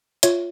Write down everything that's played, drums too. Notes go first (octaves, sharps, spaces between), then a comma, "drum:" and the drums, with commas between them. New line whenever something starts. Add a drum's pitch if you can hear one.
F4 C#5 E5, drum: hi-hat